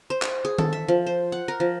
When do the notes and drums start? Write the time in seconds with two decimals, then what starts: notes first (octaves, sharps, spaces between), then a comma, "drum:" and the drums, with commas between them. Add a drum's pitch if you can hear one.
0.10 C5
0.22 drum: clap
0.45 G#4
0.58 A4, drum: tom D#3
0.73 E5
0.88 F3
1.06 C5
1.32 F#5
1.48 A#4
1.60 F3